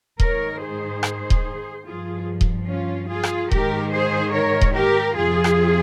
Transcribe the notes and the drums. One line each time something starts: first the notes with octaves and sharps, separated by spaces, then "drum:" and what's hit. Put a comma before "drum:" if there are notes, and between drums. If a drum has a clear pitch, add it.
G#2 D#3 A#4 C#5, drum: kick D#1
G#4 C5
drum: rim click
drum: kick D#1
G2 F3 F4 G#4
drum: kick D#1
C#4 F4
F4 G#4
drum: rim click
G#2 D#3 G4 A#4, drum: kick D#1
G#4 C5
A#4 C#5
drum: kick D#1
G4 A#4
F2 C3 F3 F4 G#4
drum: rim click